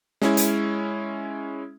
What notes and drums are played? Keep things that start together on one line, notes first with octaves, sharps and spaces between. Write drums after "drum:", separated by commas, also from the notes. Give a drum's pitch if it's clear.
G#3 C#4 E4, drum: snare
drum: hi-hat